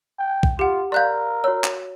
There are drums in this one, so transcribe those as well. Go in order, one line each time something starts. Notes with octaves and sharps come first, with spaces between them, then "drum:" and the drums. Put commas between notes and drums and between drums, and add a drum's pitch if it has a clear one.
G5
drum: kick
F4 G4 F#5
A#4 D5 F5 C6 F#6 G6
F#4 C#5 E6
drum: clap